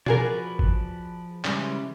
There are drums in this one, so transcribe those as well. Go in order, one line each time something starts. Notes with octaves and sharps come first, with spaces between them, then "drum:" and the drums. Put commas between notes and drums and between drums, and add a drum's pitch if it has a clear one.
F3 F#4 G#4 A#4 B4 D5, drum: tom B2
drum: kick G1
C#3 E3 G3 G#3, drum: clap